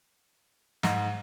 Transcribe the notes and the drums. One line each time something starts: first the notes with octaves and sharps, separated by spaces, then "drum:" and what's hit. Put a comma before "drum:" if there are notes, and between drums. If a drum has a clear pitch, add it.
G#2, drum: snare